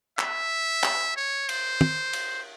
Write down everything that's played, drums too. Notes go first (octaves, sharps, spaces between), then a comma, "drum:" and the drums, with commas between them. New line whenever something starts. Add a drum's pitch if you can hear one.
E5, drum: clap
drum: clap
C#5
C5, drum: cymbal
drum: tom
drum: cymbal